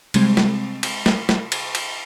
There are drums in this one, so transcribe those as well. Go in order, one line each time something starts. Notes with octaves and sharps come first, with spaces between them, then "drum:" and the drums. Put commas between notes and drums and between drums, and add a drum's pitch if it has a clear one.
C3 G3 G#3 C4, drum: cymbal
drum: snare
drum: cymbal
drum: snare
drum: snare
drum: cymbal
drum: cymbal